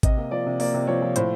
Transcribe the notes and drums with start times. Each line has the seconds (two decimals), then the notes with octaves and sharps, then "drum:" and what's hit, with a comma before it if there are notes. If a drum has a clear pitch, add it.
0.03 C3 D#5, drum: kick A1, hi-hat
0.17 A#3
0.31 F3 D5
0.46 C3
0.60 A#3 D5, drum: open hi-hat
0.74 C3
0.87 F3 C#5
1.02 F3
1.16 A2 C5, drum: hi-hat